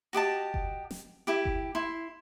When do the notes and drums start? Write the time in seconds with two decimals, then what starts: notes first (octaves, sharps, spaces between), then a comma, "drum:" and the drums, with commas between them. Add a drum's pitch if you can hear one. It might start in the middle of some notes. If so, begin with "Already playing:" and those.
0.13 F#4 G4 D#5 A5
0.54 drum: kick F#1
0.91 drum: snare
1.27 E4 G4
1.45 drum: kick F#1
1.75 E4 C6